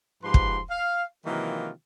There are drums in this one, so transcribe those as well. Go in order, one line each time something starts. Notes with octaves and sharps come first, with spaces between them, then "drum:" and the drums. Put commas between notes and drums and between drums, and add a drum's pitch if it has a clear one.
G#2 F3 G4 B4 C6
drum: kick
F5
C3 D#3 E3 F#3 A#3 F4